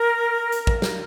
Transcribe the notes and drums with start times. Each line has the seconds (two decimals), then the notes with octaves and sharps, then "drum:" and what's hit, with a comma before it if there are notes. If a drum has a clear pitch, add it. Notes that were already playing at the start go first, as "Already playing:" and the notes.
Already playing: A#4
0.52 drum: hi-hat
0.67 drum: kick
0.82 drum: snare